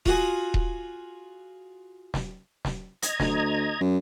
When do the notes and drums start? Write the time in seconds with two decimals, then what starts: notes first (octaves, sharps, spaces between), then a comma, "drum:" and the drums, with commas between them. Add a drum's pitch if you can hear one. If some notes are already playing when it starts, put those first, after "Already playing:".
0.06 F4 F#4 G#4, drum: kick D#1
0.54 drum: kick D#1
2.14 drum: snare
2.65 drum: snare
3.02 D#5 A#5 G#6, drum: hi-hat
3.20 D2, drum: snare
3.81 F#2